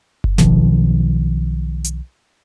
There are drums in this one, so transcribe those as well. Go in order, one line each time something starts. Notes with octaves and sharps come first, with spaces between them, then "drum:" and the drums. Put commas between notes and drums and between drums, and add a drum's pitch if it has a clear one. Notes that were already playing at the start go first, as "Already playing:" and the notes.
drum: kick F#1
B1 B2 D#3 F3, drum: snare
drum: hi-hat